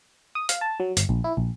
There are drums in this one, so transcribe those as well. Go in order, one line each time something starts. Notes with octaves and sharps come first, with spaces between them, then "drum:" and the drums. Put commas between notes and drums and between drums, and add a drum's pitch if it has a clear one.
D#6
F5, drum: hi-hat
A5
F#3
G1, drum: hi-hat
A#1
E4
A#1